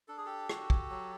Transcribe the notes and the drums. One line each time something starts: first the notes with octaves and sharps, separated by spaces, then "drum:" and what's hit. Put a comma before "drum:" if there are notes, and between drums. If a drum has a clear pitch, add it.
D4 A4
G#4
G4 A4
F#4, drum: rim click
drum: kick
F#3